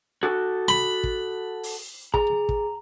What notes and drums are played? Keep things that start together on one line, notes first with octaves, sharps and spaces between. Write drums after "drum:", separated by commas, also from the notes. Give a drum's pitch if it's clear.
F#4 A4
B5
drum: kick
drum: open hi-hat
G#4 A#5, drum: kick
drum: kick